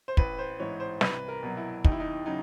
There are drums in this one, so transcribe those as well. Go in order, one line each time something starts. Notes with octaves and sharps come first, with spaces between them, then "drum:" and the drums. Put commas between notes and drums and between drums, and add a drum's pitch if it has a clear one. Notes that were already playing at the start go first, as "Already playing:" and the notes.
C5
A1 B4, drum: kick
C5
G#2 E3 C#5
C5
C2 B4, drum: snare
A#4
B2 F#3
E4
D#2 D#4, drum: kick
E4
D#4
C#3 F#3 D#4